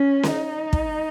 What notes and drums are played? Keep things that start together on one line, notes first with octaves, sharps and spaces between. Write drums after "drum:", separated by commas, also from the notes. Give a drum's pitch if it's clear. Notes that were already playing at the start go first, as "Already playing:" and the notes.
Already playing: C#4
D#4, drum: snare C#4
drum: kick